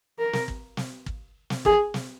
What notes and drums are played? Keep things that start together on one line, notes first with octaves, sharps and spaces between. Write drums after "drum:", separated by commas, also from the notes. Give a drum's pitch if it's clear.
A#4
drum: snare
drum: kick
drum: snare
drum: kick
drum: snare
G#4, drum: kick
drum: snare